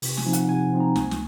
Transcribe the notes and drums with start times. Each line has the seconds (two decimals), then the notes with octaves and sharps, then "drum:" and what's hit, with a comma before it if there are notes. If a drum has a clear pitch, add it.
0.02 C3, drum: open hi-hat
0.17 G#5, drum: snare
0.26 F3 C4 D#4
0.33 F#5, drum: hi-hat
0.49 C3 G#5
0.72 F3 C4 D#4
0.80 A#5
0.96 C#2 G#5, drum: snare
1.11 drum: snare